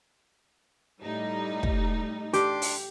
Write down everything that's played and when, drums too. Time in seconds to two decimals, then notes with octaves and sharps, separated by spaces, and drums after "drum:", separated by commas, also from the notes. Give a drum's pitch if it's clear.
1.02 A2 G3 D#4
1.63 drum: kick
2.33 D4 G4 C6 D6, drum: hi-hat
2.62 drum: open hi-hat